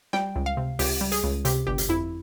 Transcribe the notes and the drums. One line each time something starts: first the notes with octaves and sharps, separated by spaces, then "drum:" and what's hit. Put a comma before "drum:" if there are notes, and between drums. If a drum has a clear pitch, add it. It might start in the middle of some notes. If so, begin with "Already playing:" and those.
G3 G5, drum: snare
C#2
F5
C3
C#2 G4, drum: open hi-hat
G3
G#4, drum: hi-hat
C#2
C3 G4, drum: hi-hat
G1 G4
drum: hi-hat
F2 E4